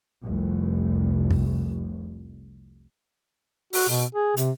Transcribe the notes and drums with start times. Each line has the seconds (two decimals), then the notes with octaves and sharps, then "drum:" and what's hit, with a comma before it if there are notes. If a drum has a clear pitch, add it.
0.24 F1 C2
1.31 drum: kick
3.73 F#4, drum: open hi-hat
3.89 B2
4.15 G#4
4.37 C3, drum: hi-hat